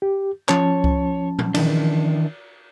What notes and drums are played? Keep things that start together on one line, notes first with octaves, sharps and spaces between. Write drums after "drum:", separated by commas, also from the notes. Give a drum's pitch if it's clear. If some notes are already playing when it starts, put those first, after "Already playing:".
G4
F3 C#4 C#5 A5, drum: clap
drum: kick C#2
drum: tom
D#3 E3 D4, drum: cymbal